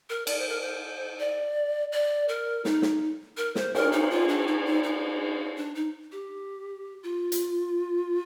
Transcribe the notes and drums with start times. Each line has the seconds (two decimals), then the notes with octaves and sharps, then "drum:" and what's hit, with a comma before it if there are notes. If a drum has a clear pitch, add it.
0.10 A#4
0.27 D5, drum: cymbal
0.39 C5
0.49 A#4
0.61 C5
1.19 D5
1.92 D5
2.29 A#4
2.65 D#4, drum: snare
2.82 drum: snare
3.37 A#4
3.55 C5, drum: snare
3.75 A#4, drum: cymbal
3.92 D#4
4.11 F4
4.29 D4
4.47 D#4
4.65 D#4
4.84 D#4
5.56 D4
5.75 D#4
6.12 G4
7.03 F4
7.32 drum: hi-hat